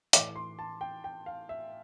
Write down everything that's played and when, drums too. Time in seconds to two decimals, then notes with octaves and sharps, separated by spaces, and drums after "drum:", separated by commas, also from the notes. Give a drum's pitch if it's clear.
0.13 A2 E3 A3 D6, drum: hi-hat
0.36 C6
0.59 A5
0.81 G5
1.04 G5
1.26 F5
1.49 E5